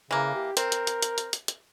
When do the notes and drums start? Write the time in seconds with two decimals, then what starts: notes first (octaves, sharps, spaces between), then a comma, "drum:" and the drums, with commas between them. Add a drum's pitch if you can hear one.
0.11 C#3 E3 A#3
0.34 G4
0.57 C4 A#4, drum: hi-hat
0.72 drum: hi-hat
0.87 drum: hi-hat
1.02 drum: hi-hat
1.18 drum: hi-hat
1.33 drum: hi-hat
1.48 drum: hi-hat